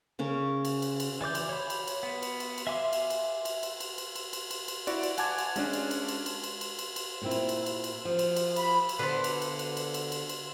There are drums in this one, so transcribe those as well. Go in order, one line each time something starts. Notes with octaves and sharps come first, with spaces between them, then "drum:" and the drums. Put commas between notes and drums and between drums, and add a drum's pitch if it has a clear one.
C#3 C#4 A#4
drum: cymbal
drum: cymbal
drum: cymbal
E3 D5 D6 G6
drum: cymbal
C#5 B5
drum: cymbal
drum: cymbal
B3
drum: cymbal
drum: cymbal
drum: cymbal
E5 F5 G#5 C6 D6
drum: cymbal
drum: cymbal
drum: cymbal
drum: cymbal
drum: cymbal
drum: cymbal
drum: cymbal
drum: cymbal
drum: cymbal
drum: cymbal
E4 F#4 D5, drum: cymbal
drum: cymbal
F#5 G#5 A5 D6 G#6, drum: cymbal
drum: cymbal
G#3 C#4 D4, drum: cymbal
drum: cymbal
drum: cymbal
drum: cymbal
drum: cymbal
drum: cymbal
drum: cymbal
drum: cymbal
drum: cymbal
A#2 C4 E4
drum: cymbal
drum: cymbal
drum: cymbal
drum: cymbal
F3
drum: cymbal
drum: cymbal
B5, drum: cymbal
drum: cymbal
D3 B3 B4 C5
drum: cymbal
drum: cymbal
drum: cymbal
drum: cymbal
drum: cymbal
drum: cymbal
drum: cymbal